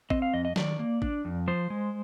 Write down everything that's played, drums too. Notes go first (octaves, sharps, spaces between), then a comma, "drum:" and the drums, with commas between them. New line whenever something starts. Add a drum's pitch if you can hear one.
C4 D#5, drum: kick G#1
F5
F2 D#5
D#5
D#3 D5, drum: snare
A#3
D4, drum: kick G#1
F2
F3 C5
G#3